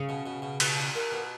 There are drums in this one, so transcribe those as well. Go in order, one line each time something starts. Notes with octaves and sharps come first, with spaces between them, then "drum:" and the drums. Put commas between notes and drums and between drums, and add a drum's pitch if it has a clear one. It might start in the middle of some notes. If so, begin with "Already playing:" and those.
Already playing: C#3
B2
B2
B2
B2, drum: cymbal
D4
A#3
B2